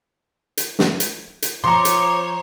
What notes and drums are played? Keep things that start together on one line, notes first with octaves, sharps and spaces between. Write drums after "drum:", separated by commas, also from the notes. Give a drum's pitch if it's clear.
drum: hi-hat
drum: snare
drum: hi-hat
drum: hi-hat
F3 C5 C#5 A#5 C6 D6
drum: hi-hat